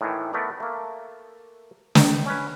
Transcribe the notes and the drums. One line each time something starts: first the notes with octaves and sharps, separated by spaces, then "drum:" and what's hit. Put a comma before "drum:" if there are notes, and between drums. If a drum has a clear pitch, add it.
A2 D#3 E3
A3 B3 A#4 D5
A3 A#3
D#3, drum: snare
C#4 B4